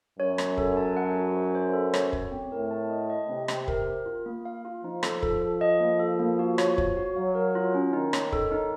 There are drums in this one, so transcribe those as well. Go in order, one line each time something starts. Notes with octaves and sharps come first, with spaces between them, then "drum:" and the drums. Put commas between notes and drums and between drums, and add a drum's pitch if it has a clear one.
F#2 C#5
C#5, drum: rim click
A4, drum: kick
A5
F#5
F#4
C5
C5
A4
C#5, drum: rim click
C#5, drum: kick
C4
A2 A#4
A5
D#5
D#5
C3 C4
C4, drum: rim click
A#4, drum: kick
A#4
F4
A#3
F5
F4
F3 D#4
A4, drum: rim click
A4, drum: kick
A4
D#5
A#3
A4
A#3
F#4
C#5, drum: rim click
C#5, drum: kick
F#4
F#3 F5
A#4
F4
C#4
D#3 D#4
C#5, drum: rim click
A4, drum: kick
D#4